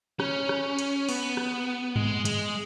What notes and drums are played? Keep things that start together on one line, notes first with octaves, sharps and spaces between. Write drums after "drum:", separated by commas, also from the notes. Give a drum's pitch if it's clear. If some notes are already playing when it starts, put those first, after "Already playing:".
C#4, drum: rim click
drum: rim click
drum: hi-hat
B3, drum: open hi-hat
drum: rim click
G#3, drum: tom G2
G#3, drum: hi-hat